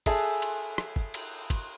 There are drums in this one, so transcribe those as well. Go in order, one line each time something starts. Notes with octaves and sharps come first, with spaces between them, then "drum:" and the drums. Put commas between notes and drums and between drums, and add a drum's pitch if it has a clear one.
G#4 A4 E5 G#5 A5, drum: kick, cymbal
drum: cymbal
drum: rim click
drum: kick
drum: cymbal
drum: kick, cymbal